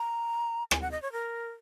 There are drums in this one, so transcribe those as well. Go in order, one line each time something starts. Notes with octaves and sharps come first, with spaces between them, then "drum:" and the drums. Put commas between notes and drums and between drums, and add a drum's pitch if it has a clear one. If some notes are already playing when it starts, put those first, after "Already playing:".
Already playing: A#5
G#5, drum: rim click
F#5
D#5
C#5
A#4